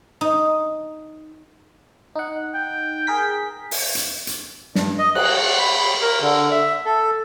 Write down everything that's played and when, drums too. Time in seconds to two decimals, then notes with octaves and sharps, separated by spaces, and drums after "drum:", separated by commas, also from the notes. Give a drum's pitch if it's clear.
0.21 D#4
2.15 D#4 F#5
2.54 G5
3.07 G#4 A#4 B6
3.71 drum: open hi-hat
3.95 drum: hi-hat
4.27 drum: hi-hat
4.75 G2, drum: snare
4.98 D#5
5.15 F#6, drum: cymbal
5.37 F#5
5.59 B5
5.77 B5
6.02 A#4
6.21 D3
6.51 E5
6.85 A4